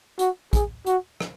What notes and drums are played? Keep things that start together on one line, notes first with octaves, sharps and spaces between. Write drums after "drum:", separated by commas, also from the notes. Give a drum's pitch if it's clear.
F#4, drum: hi-hat
G#4, drum: kick, hi-hat
F#4, drum: hi-hat
drum: rim click